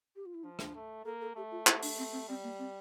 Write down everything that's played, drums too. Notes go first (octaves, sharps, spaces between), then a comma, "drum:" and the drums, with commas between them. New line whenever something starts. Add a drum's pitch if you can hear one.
G4
F4
E4
F3 D4
D4, drum: rim click
A3
A#3 A4
A4
A3 G4
F4
E4, drum: clap
D4, drum: open hi-hat
C4
C4
G3 C4
A#3
C4